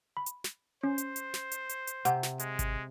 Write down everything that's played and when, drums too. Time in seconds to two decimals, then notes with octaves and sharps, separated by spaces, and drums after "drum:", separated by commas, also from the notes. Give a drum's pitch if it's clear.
0.17 B5
0.26 drum: hi-hat
0.44 drum: snare
0.83 C#4 C5
0.98 drum: hi-hat
1.16 drum: hi-hat
1.34 drum: snare
1.52 drum: hi-hat
1.69 drum: hi-hat
1.87 drum: hi-hat
2.05 C3 F#5, drum: hi-hat
2.23 drum: snare
2.39 G#3, drum: hi-hat
2.59 drum: kick G#1, hi-hat